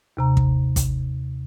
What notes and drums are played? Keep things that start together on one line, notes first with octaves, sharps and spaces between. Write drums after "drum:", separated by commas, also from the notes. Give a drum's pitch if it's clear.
D#2 C3 A#5
drum: kick
drum: kick, hi-hat